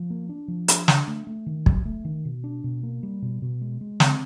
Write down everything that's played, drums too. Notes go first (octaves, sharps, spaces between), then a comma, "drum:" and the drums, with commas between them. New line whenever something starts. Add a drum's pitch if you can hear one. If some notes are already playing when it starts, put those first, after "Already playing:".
Already playing: F3
A#3
D4
F3
D4, drum: hi-hat
D4, drum: snare
A3
A3
D#3
F#3, drum: kick
A3
D#3
B2
D4
B2
A#3
G3
B2
B2
G#3
G#3
C4, drum: snare